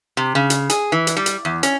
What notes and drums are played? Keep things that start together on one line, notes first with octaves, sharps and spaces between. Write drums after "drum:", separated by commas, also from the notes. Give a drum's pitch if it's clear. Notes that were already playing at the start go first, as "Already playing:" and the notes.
C3
C#3
drum: hi-hat
G#4, drum: hi-hat
E3
drum: hi-hat
G3
drum: hi-hat
E2
C#4, drum: hi-hat